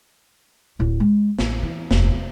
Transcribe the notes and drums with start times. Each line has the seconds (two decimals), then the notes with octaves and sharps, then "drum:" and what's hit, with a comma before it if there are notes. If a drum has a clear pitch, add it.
0.79 D1 A2
1.00 G#3
1.39 A1, drum: snare
1.63 E3
1.91 F1 D#2, drum: snare
2.16 F1